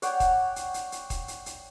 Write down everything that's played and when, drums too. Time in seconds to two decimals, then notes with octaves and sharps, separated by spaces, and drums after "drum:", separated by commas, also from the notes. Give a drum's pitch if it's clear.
0.02 C#5 D5 F#5 G5, drum: hi-hat
0.20 drum: kick D#1, hi-hat
0.56 drum: hi-hat
0.74 drum: hi-hat
0.92 drum: hi-hat
1.10 drum: kick D#1, hi-hat
1.28 drum: hi-hat
1.46 drum: hi-hat